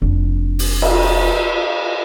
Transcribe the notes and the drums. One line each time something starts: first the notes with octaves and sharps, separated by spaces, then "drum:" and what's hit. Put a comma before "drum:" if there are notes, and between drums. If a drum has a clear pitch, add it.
F1 D4
drum: open hi-hat
drum: cymbal